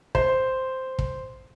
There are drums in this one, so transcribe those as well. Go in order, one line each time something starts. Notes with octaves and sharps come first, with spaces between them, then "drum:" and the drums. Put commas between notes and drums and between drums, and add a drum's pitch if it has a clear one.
C5, drum: kick
drum: kick